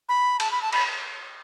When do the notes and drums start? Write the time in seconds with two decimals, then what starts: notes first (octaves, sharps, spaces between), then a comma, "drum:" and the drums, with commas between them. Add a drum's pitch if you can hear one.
0.09 B5
0.40 A5, drum: cymbal
0.51 B5
0.62 A5
0.73 B5, drum: cymbal